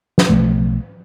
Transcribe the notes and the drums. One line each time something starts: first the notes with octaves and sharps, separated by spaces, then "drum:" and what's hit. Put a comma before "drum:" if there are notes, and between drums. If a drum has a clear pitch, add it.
drum: snare
B1 F3 A3